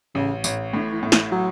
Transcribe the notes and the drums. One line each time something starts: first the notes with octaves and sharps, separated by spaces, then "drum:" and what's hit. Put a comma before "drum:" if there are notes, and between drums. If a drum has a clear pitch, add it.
A1 C#3
A1, drum: tambourine
A2 D3
E3
A2
E3, drum: snare
F#3